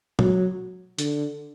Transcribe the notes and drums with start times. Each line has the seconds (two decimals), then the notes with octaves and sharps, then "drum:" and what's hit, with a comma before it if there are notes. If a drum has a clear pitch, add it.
0.19 F#3, drum: tom
0.99 D3, drum: hi-hat